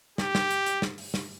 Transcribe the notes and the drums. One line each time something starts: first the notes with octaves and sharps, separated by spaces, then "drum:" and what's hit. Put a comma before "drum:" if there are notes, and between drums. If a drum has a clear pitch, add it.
G4, drum: snare
drum: snare
drum: hi-hat
drum: hi-hat
drum: snare
drum: open hi-hat
drum: snare